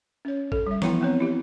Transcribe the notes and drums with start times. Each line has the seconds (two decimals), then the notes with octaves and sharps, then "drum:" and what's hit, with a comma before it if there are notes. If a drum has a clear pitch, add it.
0.25 C#4 C#5
0.52 A4, drum: kick G#1
0.67 G3 E5
0.82 E3 F3 B3 E4 G5 C6, drum: snare
1.01 B3 C4 C#5 A#5
1.20 E4 G4